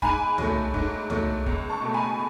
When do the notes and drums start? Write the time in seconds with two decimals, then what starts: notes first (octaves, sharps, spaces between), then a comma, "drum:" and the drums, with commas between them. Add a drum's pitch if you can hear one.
0.02 G#2 G#5 B5, drum: kick
0.38 F#3 A3, drum: tom
0.74 G#2, drum: kick
1.10 F#3 A3, drum: tom
1.46 C#2, drum: kick
1.69 A5 C#6
1.82 B2 A3
1.94 G#5 B5